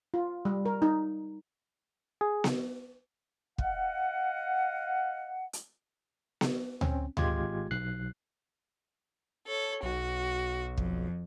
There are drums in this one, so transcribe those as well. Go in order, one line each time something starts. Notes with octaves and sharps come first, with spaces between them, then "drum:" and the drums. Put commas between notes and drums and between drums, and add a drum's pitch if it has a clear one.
F4
G3
A#4
D#4
G#4
drum: snare B3
D#5 F5 F#5, drum: kick
drum: hi-hat
drum: snare B3
C4 C#4, drum: tom D2
G#1 G#3 F4 G4 G#6, drum: tom D2
B1 F#6 C7
A4 C#5
B1 F#4
F2, drum: kick